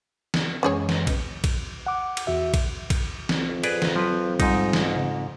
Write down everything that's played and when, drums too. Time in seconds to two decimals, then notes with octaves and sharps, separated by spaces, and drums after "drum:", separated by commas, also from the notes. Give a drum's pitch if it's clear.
0.34 drum: snare
0.63 F#2 E3 G#3 C#4 G#4 C#5
0.89 drum: snare
1.07 drum: kick, cymbal
1.44 drum: kick, cymbal
1.87 F#5 D6
2.17 drum: cymbal
2.27 E2 F#4 E5
2.54 drum: kick, cymbal
2.90 drum: kick, cymbal
3.29 F2 C4, drum: snare
3.64 G#4 B4 D5, drum: cymbal
3.82 drum: snare
3.96 F3 F#3 B4
4.40 G#2 G3 D#4, drum: kick, cymbal
4.73 drum: snare
4.96 C#3